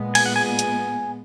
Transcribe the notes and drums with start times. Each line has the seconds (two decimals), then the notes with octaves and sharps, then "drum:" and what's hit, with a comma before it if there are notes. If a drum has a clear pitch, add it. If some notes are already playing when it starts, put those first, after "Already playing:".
Already playing: A#2 G#3 B3
0.15 G#5, drum: cymbal
0.26 F#5
0.36 G#5
0.46 G#5
0.59 drum: hi-hat